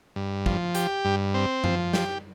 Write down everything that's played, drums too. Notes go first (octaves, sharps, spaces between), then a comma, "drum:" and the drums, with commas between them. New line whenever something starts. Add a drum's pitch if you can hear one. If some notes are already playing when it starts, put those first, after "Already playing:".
G2
F3, drum: kick
G4, drum: hi-hat
G2
C4
F3, drum: tom F#2
G4, drum: snare